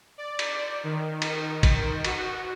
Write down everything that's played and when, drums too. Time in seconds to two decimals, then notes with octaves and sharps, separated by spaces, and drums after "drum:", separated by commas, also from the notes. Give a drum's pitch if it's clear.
0.18 D5
0.39 drum: cymbal
0.84 D#3
1.22 drum: cymbal
1.63 drum: kick, cymbal
2.05 F#4, drum: cymbal